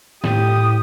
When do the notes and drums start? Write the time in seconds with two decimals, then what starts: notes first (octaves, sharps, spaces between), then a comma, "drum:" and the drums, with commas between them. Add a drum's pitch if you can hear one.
0.24 A2 G4 D#6, drum: snare